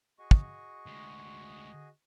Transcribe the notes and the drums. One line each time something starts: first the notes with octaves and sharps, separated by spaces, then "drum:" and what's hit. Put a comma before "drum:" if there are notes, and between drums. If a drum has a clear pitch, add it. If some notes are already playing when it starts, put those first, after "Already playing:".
F#4 G#4 D#5 C#6
drum: kick
D2 G#3